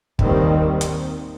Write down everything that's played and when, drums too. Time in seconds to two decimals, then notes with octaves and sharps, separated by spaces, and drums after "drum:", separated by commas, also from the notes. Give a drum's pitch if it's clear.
0.19 D#2 D#3 G3 C4, drum: kick
0.81 drum: hi-hat